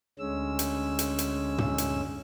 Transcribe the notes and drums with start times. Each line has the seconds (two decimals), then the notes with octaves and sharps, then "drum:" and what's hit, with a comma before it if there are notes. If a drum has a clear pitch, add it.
0.19 D2 D3 G#3 C#4 E6
0.59 drum: hi-hat
0.99 drum: hi-hat
1.19 drum: hi-hat
1.58 drum: tom
1.78 drum: hi-hat